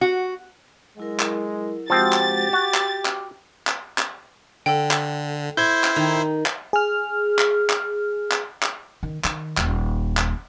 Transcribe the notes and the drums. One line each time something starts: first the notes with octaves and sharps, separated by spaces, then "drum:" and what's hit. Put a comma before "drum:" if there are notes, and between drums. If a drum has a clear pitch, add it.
F#4
F#3 G#3 E4 A#4
drum: clap
F3 G#3 C4 F#4 G4 F#5 A6
drum: clap
F#4 G5 D6
drum: clap
drum: clap
drum: clap
drum: clap
D3 A4 G5
drum: clap
E4 C5 G6 G#6
drum: clap
D#3
drum: clap
G#4 F6
drum: clap
drum: clap
drum: clap
drum: clap
D#3
D#3, drum: clap
D#1, drum: clap
drum: clap